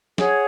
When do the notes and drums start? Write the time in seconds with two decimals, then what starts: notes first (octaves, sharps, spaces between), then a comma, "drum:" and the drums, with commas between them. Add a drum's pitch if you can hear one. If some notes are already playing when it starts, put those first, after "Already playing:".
0.18 G#4 C#5 F#5, drum: snare